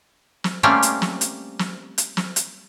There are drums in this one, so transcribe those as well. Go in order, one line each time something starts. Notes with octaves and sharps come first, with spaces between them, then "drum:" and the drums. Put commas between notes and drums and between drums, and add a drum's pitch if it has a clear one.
drum: snare
G3 A3 A#3 C4 C#4 G5
drum: hi-hat
drum: snare
drum: hi-hat
drum: snare
drum: hi-hat
drum: snare
drum: hi-hat